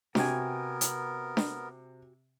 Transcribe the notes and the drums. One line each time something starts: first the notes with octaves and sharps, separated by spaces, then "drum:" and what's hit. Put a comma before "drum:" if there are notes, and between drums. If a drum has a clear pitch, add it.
C3 B3 F#4 A#4 G5 G#5, drum: snare D4
drum: hi-hat
drum: snare D4